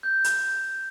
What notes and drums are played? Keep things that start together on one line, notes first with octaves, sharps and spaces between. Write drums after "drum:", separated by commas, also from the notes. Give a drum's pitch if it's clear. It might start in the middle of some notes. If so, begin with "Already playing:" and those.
G6
drum: hi-hat